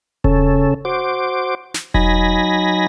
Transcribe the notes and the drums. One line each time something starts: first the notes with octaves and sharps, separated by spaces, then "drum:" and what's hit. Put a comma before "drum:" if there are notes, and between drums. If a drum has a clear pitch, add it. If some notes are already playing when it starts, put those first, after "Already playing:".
C#3 C#4 A4, drum: kick E1
F#4 C5 D6
drum: snare
F#3 D#4 G#5 B5 A#6, drum: kick E1